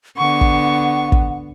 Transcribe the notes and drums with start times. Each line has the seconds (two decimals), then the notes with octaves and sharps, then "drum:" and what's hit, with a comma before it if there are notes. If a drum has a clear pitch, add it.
0.17 D3 B3 F#5 C#6
0.41 drum: kick
1.12 drum: kick